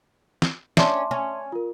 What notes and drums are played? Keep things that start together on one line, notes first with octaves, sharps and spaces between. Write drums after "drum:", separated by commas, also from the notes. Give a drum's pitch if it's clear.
drum: snare
C#4 D4 E5 A5 C6, drum: snare
C#4
F4 A#4